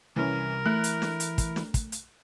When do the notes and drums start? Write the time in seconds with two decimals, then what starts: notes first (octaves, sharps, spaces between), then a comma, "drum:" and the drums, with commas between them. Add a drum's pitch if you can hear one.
0.16 C2 E3 C#4 A#4
0.66 E3 A3 E4 F#6
0.84 drum: hi-hat
1.02 drum: snare
1.20 drum: hi-hat
1.38 drum: kick, hi-hat
1.56 drum: snare
1.74 drum: kick, hi-hat
1.92 drum: hi-hat